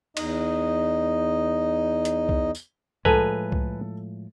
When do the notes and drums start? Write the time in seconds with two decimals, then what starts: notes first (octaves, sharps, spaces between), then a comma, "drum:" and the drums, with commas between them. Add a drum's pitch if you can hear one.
0.17 E2 D#4 D#5, drum: cymbal
2.05 drum: hi-hat
2.29 drum: kick C2
2.55 drum: tambourine
3.05 A2 F3 G#3 A4 B4 G#5 A#5, drum: kick C2
3.52 drum: kick C2